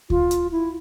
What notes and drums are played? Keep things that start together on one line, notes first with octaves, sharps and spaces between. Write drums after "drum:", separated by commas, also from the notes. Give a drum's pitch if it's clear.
F4, drum: kick D2
drum: hi-hat
E4